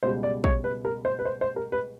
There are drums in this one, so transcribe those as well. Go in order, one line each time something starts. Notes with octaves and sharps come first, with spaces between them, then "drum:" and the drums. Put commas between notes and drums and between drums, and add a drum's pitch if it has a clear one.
C#2 B2 G3 C5
D5
C#5, drum: kick
B4
A#4
C5
B4
C5
C5
A#4
B4